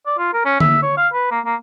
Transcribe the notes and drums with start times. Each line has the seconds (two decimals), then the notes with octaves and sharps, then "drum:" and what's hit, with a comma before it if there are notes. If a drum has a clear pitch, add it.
0.06 D5
0.18 F4
0.33 A#4
0.45 C#4
0.60 E5, drum: tom D3
0.83 C#5
0.97 F5
1.13 B4
1.31 A#3
1.45 A#3